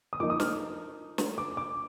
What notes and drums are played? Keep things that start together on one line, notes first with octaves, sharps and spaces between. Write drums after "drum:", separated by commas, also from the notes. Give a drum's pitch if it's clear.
D#6
F3 A#3 D#4 D6
D#6
F6, drum: snare
drum: snare
D6
D6